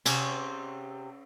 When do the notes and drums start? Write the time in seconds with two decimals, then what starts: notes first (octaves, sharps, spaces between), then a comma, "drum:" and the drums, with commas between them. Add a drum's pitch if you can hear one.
0.06 C3 C#4, drum: cymbal